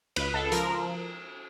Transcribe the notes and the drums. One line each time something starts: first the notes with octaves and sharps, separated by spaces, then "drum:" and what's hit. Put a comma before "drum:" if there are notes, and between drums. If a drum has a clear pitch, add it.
C#2 B4, drum: cymbal
C#2 A4
F3 A#4, drum: hi-hat
F3